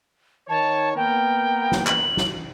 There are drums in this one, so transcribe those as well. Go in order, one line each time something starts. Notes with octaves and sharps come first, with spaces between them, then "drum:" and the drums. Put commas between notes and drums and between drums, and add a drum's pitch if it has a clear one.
D#3 C#5 A5
A#3 B3 A#4 G5
drum: snare
F#7, drum: clap
drum: snare